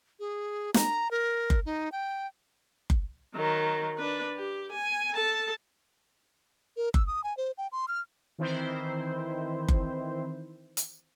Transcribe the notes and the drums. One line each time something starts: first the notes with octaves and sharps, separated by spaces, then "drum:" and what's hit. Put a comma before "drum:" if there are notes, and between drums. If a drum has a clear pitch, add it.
G#4
A#5, drum: snare
A#4
drum: kick F#1
D#4
G5
drum: kick F#1
D#3 F#3
D4 B4
G4
G#5
A4 A5
A#4
E6, drum: kick F#1
D#6
G#5
C5
G5
C6
F6
D#3 E3 C4 E4 C5
drum: kick F#1
drum: hi-hat